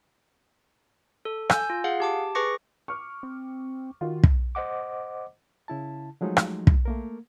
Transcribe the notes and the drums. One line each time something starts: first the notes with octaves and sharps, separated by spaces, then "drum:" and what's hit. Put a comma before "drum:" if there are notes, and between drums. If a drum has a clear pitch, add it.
A4
G#5 E6 G6, drum: rim click
F4
G#4 F5 F#5
G4 A5 D6
G#4 B4 C#6 D6 A#6 C#7
C#6 D6 F6
C4
D#3 F4 F#4
drum: kick
C5 D#5 F#5 D6
C#3 E4 A5
F3 F#3 G#3 A3 D#4
drum: rim click
drum: kick
A3 A#3 A#4